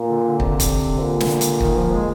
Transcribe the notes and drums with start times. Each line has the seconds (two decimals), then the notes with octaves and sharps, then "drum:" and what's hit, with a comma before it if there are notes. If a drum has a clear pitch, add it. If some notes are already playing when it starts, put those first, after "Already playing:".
Already playing: A#2
0.09 D3
0.24 D3
0.40 C3, drum: kick
0.60 drum: kick, hi-hat
1.00 A#2
1.20 drum: snare
1.41 drum: hi-hat
1.60 D#3, drum: kick
1.77 F3
1.91 G#3